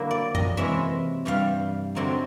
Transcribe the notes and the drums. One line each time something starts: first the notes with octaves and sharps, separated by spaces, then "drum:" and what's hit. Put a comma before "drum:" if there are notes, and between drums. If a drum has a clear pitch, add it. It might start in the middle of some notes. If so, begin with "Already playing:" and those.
Already playing: D3 F#3 A#3 E4
D5
D#5, drum: tom F#2
C3 E3 G#3 C#4 E4 E5
G2 E3 G3 F5
D3 F#3 A3 C4 D#4